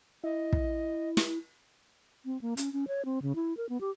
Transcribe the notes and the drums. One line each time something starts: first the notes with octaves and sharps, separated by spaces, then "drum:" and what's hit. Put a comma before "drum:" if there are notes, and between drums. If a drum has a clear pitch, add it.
E4 D#5
drum: kick
drum: snare
C4
A#3
C#4, drum: hi-hat
C#4
C#5
C4
C#3
E4
A#4
B3
G4